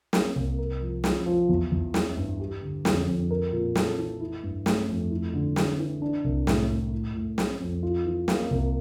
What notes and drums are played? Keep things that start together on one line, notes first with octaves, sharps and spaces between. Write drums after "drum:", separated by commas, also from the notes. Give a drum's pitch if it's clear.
A#3, drum: snare
C2
A#4
F3
F3, drum: snare
F3
E2
E2
E4, drum: snare
G2
G4
D3
F2, drum: snare
F2
A#4
A#2
A4, drum: snare
E3
E4
G2
A3, drum: snare
F2
E4
D3
E3, drum: snare
E3
D4
C2
A2, drum: snare
A2
A2
A2
C4, drum: snare
F2
F4
E3
A#3, drum: snare
C2